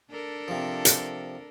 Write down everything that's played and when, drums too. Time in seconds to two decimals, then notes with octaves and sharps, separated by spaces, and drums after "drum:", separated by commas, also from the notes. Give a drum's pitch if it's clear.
0.11 D4 A4 A#4
0.48 C3 F3
0.85 drum: hi-hat